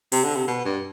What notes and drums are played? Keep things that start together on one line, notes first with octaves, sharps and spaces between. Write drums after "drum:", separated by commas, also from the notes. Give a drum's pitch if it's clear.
C3, drum: open hi-hat
D3
C3
B2
G2